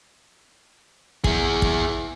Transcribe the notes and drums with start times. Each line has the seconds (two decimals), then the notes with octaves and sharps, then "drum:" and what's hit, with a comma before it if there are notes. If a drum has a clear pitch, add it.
1.24 E4 G#4, drum: kick
1.62 drum: kick